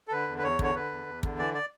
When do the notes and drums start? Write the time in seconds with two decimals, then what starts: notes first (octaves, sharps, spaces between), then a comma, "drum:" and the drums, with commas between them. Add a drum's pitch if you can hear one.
0.08 A4
0.12 D3 B4
0.28 E2
0.38 B4
0.43 E2 C#5
0.59 D3 C#5, drum: kick
0.75 D3 B4
0.91 E2
1.07 E2
1.23 D3, drum: kick
1.38 E3 D5
1.55 D5